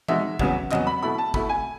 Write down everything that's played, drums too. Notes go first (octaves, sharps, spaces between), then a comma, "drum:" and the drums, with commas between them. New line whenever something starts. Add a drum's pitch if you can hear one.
B2 G#3 D#4 E5, drum: tom E3
E2 C#3 F#3 B3, drum: kick
E2 C#3 F#3 B3 D#5, drum: clap
B5
B2 A3 E4 B5
A5
B2 A3 E4 B5, drum: kick
G#5